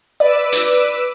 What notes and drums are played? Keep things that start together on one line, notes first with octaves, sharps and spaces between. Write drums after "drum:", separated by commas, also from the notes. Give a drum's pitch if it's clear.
B4 D5 D6 E6
drum: hi-hat